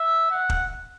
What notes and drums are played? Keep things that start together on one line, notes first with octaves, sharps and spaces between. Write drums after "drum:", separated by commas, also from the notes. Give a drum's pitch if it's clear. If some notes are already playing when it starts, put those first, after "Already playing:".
Already playing: E5
F#5
drum: kick